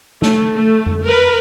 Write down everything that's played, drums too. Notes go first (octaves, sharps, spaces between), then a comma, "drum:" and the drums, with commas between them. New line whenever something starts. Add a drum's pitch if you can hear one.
A3, drum: snare
A3
drum: tom F2
A#4 B4